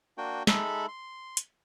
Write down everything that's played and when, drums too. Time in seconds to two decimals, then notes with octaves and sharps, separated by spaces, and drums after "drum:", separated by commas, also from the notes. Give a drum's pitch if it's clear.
0.18 A#3 D4 F#4 G5
0.47 G#3 D#4 A4 E5 B5, drum: snare
0.88 C6
1.37 drum: hi-hat